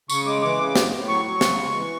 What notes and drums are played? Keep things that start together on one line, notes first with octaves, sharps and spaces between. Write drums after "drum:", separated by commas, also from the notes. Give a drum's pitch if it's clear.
C#3 C#6, drum: tambourine
G#3 D6
E3 D6
C#3
A2, drum: snare
A2
F#3 C#6
F#3
C#3, drum: snare
G#3
E3